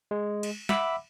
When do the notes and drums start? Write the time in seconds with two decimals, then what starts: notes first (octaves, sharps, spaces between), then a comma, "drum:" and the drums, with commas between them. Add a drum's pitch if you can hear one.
0.11 G#3
0.43 drum: cymbal
0.69 E5 F#5 B5 D6 E6, drum: snare